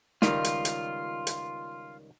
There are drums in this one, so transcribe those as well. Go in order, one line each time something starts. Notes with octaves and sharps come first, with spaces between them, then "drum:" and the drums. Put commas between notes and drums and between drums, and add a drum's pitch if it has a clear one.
C#2 D#3 G3 F4, drum: snare
drum: hi-hat
drum: hi-hat
drum: hi-hat